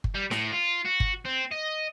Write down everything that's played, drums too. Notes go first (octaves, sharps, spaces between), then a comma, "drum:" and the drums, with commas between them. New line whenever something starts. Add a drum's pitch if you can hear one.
drum: kick G1
G3
A2, drum: snare
F4
F#4
drum: kick G1
C4
D#5